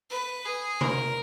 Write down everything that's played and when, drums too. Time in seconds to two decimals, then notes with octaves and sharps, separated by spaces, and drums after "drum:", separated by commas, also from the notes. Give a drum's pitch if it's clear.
0.10 B4
0.45 G#4
0.81 A#4, drum: tom C3